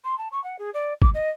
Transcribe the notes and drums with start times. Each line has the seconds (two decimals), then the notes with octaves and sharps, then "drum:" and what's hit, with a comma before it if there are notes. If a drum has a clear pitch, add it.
0.04 C6
0.18 A5
0.32 C#6
0.44 F#5
0.59 G#4
0.74 D5
1.02 D6, drum: kick
1.14 D#5